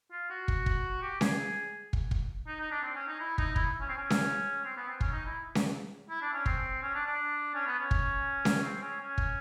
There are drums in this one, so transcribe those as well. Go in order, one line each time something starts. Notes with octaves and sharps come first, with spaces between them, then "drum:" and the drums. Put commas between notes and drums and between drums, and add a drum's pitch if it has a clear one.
F4
F#4
drum: kick
drum: kick
G4
G#4, drum: snare C#4
drum: kick
drum: kick
D#4
D#4
D4
C4
C#4
D#4
E4
D#4, drum: kick
E4, drum: kick
C#4
C4
C#4
drum: snare C#4
C4
B3
C4
C#4, drum: kick
D#4
E4
drum: snare C#4
E4
D4
C#4
C4, drum: kick
C#4
D4
D4
C#4
B3
C#4
drum: kick
drum: snare C#4
C4
C#4
C#4
drum: kick